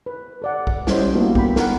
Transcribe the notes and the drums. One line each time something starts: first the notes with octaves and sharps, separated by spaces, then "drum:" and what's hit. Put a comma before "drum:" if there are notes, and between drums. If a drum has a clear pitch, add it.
B4
A4 D5 F#5
drum: kick B1
G3 C#4 E4 C5 D#5, drum: snare
A#3 B3 D4 E4 F#4 A4
G5 B5, drum: kick B1
A#4 F#5, drum: snare